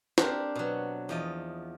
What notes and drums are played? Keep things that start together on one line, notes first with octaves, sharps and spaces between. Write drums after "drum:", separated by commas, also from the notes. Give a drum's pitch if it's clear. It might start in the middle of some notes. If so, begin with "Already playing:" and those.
C4 D4 G4 A#4, drum: snare
B2 F#3
E2 F3 D#5